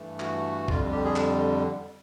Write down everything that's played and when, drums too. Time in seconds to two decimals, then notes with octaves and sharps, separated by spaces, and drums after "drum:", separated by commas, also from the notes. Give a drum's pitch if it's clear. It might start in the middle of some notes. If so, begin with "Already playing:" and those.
Already playing: G2 E3 A3
0.20 F#4, drum: clap
0.68 F2 D3 G3 F4, drum: kick B1
0.92 G4
1.04 G#4
1.16 drum: clap